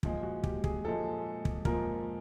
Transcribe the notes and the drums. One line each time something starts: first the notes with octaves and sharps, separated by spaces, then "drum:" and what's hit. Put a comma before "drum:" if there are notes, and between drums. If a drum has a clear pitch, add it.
A#2 F3 G#3, drum: kick
F#4
G4, drum: kick
G#4, drum: kick
A#2 F3 G#3 A4
drum: kick
A#2 F3 G#3 A#4, drum: kick